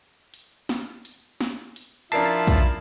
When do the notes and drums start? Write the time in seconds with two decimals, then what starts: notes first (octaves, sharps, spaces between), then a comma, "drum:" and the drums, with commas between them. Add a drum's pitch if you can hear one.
0.34 drum: hi-hat
0.69 drum: snare
1.05 drum: hi-hat
1.41 drum: snare
1.76 drum: hi-hat
2.12 F3 D4 E4 A#4 A5 C7, drum: hi-hat
2.47 drum: kick, hi-hat